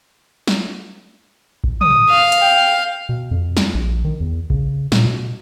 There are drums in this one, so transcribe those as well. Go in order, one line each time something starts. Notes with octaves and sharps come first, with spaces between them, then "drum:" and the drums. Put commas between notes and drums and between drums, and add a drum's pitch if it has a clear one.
drum: snare
drum: kick A1
D#6, drum: tom
F5
drum: hi-hat
G5
B2
F2
drum: snare
A#1
D#3
E2
C#3, drum: kick A1
A#2, drum: snare
B2